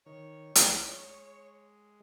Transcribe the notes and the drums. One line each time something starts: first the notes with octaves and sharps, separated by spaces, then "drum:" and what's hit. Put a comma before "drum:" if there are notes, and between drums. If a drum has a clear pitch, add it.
D#3 C#5
G#3, drum: hi-hat